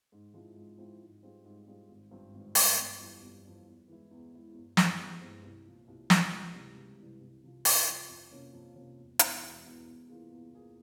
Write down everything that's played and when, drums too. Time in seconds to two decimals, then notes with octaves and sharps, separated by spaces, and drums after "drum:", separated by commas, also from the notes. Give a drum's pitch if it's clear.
0.12 G#2
0.33 F3 G#3 C4 E4
0.56 G#2
0.78 F3 G#3 C4 E4
1.00 G#2
1.23 G3 C4 F4 G#4
1.45 G#2
1.67 G3 C4 F4 G#4
1.89 G#1
2.11 G2 F3 C4
2.33 G#1
2.55 G2 F3 C4, drum: open hi-hat
2.78 G1
2.99 F2 E3 G3
3.22 G1
3.44 F2 E3 G3
3.66 E2
3.88 E3 G#3 E4
4.11 E2
4.33 E3 G#3 E4
4.54 G1
4.77 G2 E3 G#3 C4, drum: snare
4.98 G1
5.21 G2 E3 G#3 C4
5.43 C2
5.66 A#2 F3
5.88 C2
6.10 A#2 F3, drum: snare
6.32 C#2
6.54 C3 E3 G3
6.76 C#2
6.99 C3 E3 G3
7.20 C2
7.43 C3 F3
7.65 C2, drum: open hi-hat
7.87 C3 F3
8.09 F2
8.31 C3 F3 A#3 C#4
8.53 F2
8.76 C3 F3 A#3 C#4
8.98 E1
9.19 E2 E3, drum: hi-hat
9.42 E1
9.64 E2 E3
9.87 E2
10.08 E3 A#3 F4 G#4
10.30 E2
10.53 E3 A#3 F4 G#4